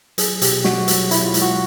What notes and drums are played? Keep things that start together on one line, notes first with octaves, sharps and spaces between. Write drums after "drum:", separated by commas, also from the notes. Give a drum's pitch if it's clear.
F#3 G#4, drum: hi-hat
B2 G4, drum: hi-hat
F#3 F#4, drum: snare
F#3, drum: hi-hat
B2 E4, drum: hi-hat
F4
G#3, drum: hi-hat
F#4